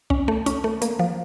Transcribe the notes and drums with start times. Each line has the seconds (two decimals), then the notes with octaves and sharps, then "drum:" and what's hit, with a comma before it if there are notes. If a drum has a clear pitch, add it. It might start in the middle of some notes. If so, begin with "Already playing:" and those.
0.10 C#4, drum: kick
0.28 A3
0.46 C#4, drum: hi-hat
0.64 A3
0.82 A#3, drum: hi-hat
0.99 F3